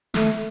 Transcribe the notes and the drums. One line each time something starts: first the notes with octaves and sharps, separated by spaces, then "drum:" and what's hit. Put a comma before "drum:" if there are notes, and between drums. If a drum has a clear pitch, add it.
A3, drum: snare